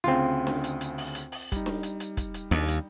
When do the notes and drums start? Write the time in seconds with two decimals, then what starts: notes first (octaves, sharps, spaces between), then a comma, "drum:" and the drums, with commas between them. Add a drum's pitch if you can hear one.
0.04 D2 C#3 C4 F4
0.47 drum: snare D4
0.64 drum: hi-hat
0.81 drum: hi-hat
0.98 drum: open hi-hat
1.15 drum: hi-hat
1.32 drum: open hi-hat
1.52 G3 D#4, drum: kick, hi-hat
1.66 drum: snare D4
1.83 drum: hi-hat
2.00 drum: hi-hat
2.17 drum: kick, hi-hat
2.34 drum: hi-hat
2.51 D#2, drum: snare D4
2.68 drum: hi-hat